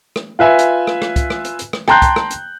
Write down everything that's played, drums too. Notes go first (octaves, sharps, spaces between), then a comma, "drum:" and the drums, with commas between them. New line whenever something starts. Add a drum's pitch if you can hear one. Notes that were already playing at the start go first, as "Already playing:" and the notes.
drum: rim click
F4 B4 E5 G#5
drum: hi-hat
drum: rim click
drum: rim click
drum: kick, hi-hat
drum: rim click
drum: hi-hat
drum: hi-hat
drum: rim click
G5 A5 A#5 C6 F#6 G6, drum: rim click
drum: kick, hi-hat
drum: rim click
drum: hi-hat